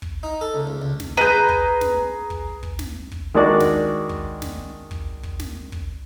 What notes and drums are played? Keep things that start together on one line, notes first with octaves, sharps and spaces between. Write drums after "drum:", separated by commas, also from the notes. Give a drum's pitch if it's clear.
drum: kick
D#4
A4
C#2
C#2
C#2
drum: snare
G#4 B4 A#5 G6
drum: kick
drum: snare
drum: kick
drum: kick
drum: snare
drum: kick
D#3 G#3 D4 F#4 D5
drum: snare
drum: kick
drum: snare
drum: kick
drum: kick
drum: snare
drum: kick